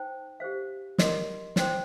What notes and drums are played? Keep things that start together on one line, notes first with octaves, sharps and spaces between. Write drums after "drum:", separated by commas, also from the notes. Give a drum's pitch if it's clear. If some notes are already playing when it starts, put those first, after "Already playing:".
Already playing: D#4 C5 G5
G4 C5 F5
A#4 D#5 C6, drum: snare
C5 G5 C6, drum: snare